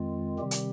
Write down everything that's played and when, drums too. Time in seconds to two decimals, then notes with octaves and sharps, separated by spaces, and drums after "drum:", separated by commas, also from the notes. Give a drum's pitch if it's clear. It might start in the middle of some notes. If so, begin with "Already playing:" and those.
Already playing: F2 D#3 G#3 C4 F4
0.39 C3 D#3 G3 C4 G4
0.51 drum: hi-hat